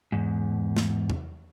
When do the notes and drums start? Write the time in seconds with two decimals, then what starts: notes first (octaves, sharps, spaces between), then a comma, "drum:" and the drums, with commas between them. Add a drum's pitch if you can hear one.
0.12 E2 G#2
0.76 drum: snare
1.10 drum: tom E2